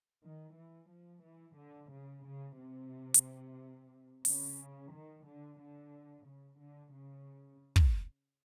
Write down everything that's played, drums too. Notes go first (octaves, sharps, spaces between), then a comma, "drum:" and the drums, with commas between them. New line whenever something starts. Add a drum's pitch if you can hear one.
D#3
E3
F3
E3
D3
C#3
C#3
C3
drum: hi-hat
C#3, drum: open hi-hat
D#3
D3
D3
C#3
D3
C#3
drum: kick